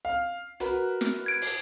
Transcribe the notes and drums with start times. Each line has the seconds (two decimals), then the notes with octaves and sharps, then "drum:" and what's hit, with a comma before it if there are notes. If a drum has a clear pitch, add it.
0.05 F5
0.60 F#4 A#4 B4, drum: hi-hat
1.01 drum: snare
1.26 G#6 D7
1.42 drum: open hi-hat